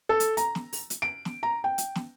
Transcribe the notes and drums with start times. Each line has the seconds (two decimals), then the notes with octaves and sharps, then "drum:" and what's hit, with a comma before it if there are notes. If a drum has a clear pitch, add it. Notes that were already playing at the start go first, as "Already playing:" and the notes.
0.09 A4
0.20 drum: hi-hat
0.37 A#5, drum: hi-hat
0.55 drum: snare
0.73 drum: open hi-hat
0.90 drum: hi-hat
1.02 D7
1.25 drum: snare
1.43 A#5
1.64 G5
1.78 drum: hi-hat
1.95 drum: snare